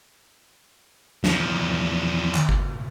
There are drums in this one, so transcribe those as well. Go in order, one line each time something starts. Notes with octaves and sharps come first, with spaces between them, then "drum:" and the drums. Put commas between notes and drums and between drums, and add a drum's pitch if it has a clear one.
E2 F3, drum: snare
drum: clap
drum: kick G1